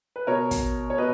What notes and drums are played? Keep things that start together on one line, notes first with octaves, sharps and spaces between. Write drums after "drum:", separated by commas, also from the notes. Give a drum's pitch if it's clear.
B4
B2 A#4 C#5
drum: kick, hi-hat
C#5
B2 B4 D#5